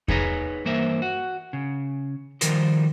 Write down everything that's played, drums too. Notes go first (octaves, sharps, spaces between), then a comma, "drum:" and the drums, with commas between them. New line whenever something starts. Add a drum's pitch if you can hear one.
D#4 G#4 B4 C#5 G#5 A#5, drum: kick E2
G2 E3 A#3 A#4 C5 E5
F#4
C#3
D#3 F3 G3 A#4 C5, drum: hi-hat